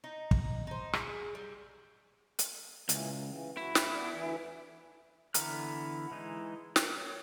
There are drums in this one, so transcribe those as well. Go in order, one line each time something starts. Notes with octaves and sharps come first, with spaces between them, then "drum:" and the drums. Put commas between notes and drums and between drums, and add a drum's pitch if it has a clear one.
D#4
drum: kick
D#4 C5
G#4, drum: rim click
G3
drum: hi-hat
C#2 A#2 E3, drum: hi-hat
C#3 E3
E4 F#4
D#2, drum: snare
B3 D4 D5
D2 E3
D3 E3 B3 A#5 F6, drum: hi-hat
E3 G#3 D#4
A#4, drum: snare
C#5